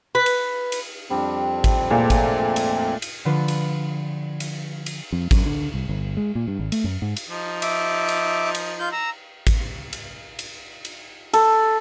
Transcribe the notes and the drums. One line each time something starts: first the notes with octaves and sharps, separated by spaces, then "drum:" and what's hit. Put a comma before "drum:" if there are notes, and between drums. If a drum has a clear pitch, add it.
B4
drum: cymbal
drum: cymbal
F2 G3 C4 D4
drum: kick G#1, cymbal
A#2 G#3 A3
drum: kick G#1, cymbal
drum: cymbal
drum: cymbal
D3 F3 D4 F4 B4
drum: cymbal
drum: cymbal
drum: cymbal
F2
F#2, drum: kick G#1, cymbal
D3
C2
G1
G#3
A#2
G2
G#1
A3, drum: cymbal
F#2
G#2
drum: cymbal
F3 D#4
E5 D6, drum: cymbal
drum: cymbal
drum: cymbal
F4 G6
A#5 E6
drum: kick G#1, cymbal
drum: cymbal
drum: cymbal
drum: cymbal
A4, drum: cymbal